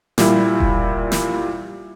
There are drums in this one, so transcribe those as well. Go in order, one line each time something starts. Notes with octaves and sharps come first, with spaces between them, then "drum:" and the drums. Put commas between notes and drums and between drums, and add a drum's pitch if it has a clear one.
A#2 G3 E4, drum: snare
drum: kick E1
drum: snare